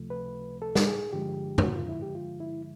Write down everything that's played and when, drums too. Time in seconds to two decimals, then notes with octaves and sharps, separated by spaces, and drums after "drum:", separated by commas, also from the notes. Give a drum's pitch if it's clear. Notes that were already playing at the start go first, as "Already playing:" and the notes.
Already playing: C#2 C3 F3 A3
0.10 B4
0.62 A4
0.75 drum: snare
0.87 G#4
1.13 G2 D3 F3 G#3 G4
1.58 F4, drum: tom F2
1.63 F#4
1.76 F4
1.89 E4
2.02 G4
2.15 F4
2.40 E4